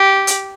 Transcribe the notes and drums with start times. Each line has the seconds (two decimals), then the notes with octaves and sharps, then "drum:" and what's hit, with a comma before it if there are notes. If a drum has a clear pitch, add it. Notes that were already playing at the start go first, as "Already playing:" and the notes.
Already playing: G4
0.27 drum: hi-hat